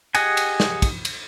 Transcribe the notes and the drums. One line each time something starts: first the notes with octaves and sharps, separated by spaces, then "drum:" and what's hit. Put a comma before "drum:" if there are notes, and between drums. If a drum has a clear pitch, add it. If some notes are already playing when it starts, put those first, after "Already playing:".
G4 G#4 D#5 F#5 G#5, drum: cymbal
drum: cymbal
drum: snare
drum: kick, cymbal
drum: cymbal